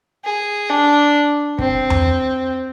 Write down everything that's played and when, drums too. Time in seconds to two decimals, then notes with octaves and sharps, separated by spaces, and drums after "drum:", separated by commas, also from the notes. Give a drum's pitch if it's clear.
0.25 G#4
0.70 D4
1.59 C4, drum: kick
1.90 drum: tom E2